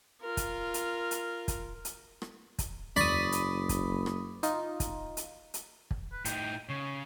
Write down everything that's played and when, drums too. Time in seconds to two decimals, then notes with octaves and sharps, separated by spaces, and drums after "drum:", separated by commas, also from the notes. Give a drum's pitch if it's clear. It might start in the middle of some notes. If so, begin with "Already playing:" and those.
0.21 F4 A#4
0.37 drum: kick, hi-hat
0.74 drum: hi-hat
1.11 drum: hi-hat
1.48 drum: kick, hi-hat
1.85 drum: hi-hat
2.22 drum: rim click
2.59 drum: kick, hi-hat
2.96 F#1 D5 B5 C#6 D#6, drum: tom E2
3.32 drum: hi-hat
3.69 drum: kick, hi-hat
4.06 drum: rim click
4.43 D#4 F4, drum: hi-hat
4.80 drum: kick, hi-hat
5.17 drum: hi-hat
5.54 drum: hi-hat
5.91 drum: kick
6.12 B4
6.25 A2 D#4 G5, drum: hi-hat
6.69 C#3 C#5